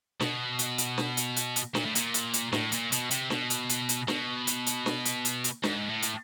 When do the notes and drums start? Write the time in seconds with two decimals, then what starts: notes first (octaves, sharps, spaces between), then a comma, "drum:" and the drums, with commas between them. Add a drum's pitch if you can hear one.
0.20 B2, drum: snare
0.59 drum: hi-hat
0.78 drum: hi-hat
0.98 drum: snare
1.17 drum: hi-hat
1.36 drum: hi-hat
1.56 drum: hi-hat
1.75 A#2, drum: snare
1.85 A2
1.95 A#2, drum: hi-hat
2.14 drum: hi-hat
2.34 drum: hi-hat
2.53 A2, drum: snare
2.72 A#2, drum: hi-hat
2.92 B2, drum: hi-hat
3.11 C3, drum: hi-hat
3.30 B2, drum: snare
3.50 drum: hi-hat
3.69 drum: hi-hat
3.89 drum: hi-hat
4.08 B2, drum: snare
4.47 drum: hi-hat
4.66 drum: hi-hat
4.86 drum: snare
5.05 drum: hi-hat
5.25 drum: hi-hat
5.44 drum: hi-hat
5.63 G#2, drum: snare
5.89 A2
6.02 drum: hi-hat